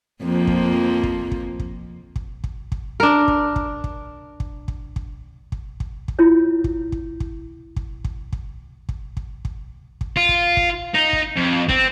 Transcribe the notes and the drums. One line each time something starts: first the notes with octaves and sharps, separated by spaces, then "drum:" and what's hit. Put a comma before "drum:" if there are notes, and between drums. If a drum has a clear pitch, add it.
F2 F3 A#3
drum: kick
drum: kick
drum: kick
drum: kick
drum: kick
drum: kick
drum: kick
D4 A#4
drum: kick
drum: kick
drum: kick
drum: kick
drum: kick
drum: kick
drum: kick
drum: kick
drum: kick
E4 F4 C#5
drum: kick
drum: kick
drum: kick
drum: kick
drum: kick
drum: kick
drum: kick
drum: kick
drum: kick
drum: kick
F4
drum: kick
drum: kick
D#4
drum: kick
F2
C4, drum: kick